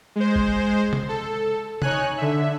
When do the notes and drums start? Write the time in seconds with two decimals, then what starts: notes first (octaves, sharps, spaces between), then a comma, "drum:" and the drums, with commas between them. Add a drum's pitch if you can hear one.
0.16 G#3 C5
0.36 drum: kick
0.93 drum: tom
1.09 A4
1.82 D#4 C#5 G#5 F#6, drum: tom
2.18 D3 E5